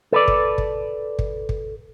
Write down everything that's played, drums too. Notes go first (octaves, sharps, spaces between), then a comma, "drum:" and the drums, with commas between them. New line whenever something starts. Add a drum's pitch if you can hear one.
A4 B4 D5
drum: kick
drum: kick
drum: kick
drum: kick